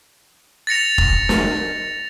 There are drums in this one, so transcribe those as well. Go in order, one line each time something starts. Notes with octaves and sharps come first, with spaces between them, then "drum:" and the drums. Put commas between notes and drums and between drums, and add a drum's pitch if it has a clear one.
A6 A#6 C#7 F7
drum: kick F1
drum: snare